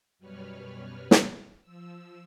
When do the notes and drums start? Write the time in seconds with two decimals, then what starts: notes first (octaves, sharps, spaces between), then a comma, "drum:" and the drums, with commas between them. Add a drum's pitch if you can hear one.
0.19 F#2 B2 G3 B4 C#5 F6
1.11 drum: snare
1.62 F3 E6